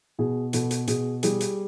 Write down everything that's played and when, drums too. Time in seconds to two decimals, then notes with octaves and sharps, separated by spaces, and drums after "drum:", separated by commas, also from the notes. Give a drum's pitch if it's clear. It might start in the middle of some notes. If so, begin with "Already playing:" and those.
0.19 B2 G#4
0.53 B2 A4, drum: hi-hat
0.71 drum: hi-hat
0.87 B2 G#4, drum: hi-hat
1.23 G3 G#4, drum: hi-hat
1.40 drum: hi-hat